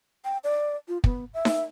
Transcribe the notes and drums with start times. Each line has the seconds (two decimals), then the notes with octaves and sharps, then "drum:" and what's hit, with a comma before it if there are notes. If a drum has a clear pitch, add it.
0.25 G5
0.44 D5
0.88 F4
1.04 B3, drum: kick
1.34 E5
1.45 drum: snare D#4